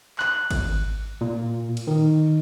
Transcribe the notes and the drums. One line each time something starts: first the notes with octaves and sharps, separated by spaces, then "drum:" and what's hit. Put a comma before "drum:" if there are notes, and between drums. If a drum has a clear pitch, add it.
F#6, drum: clap
drum: kick G#1, cymbal
A#2
drum: cymbal
D#3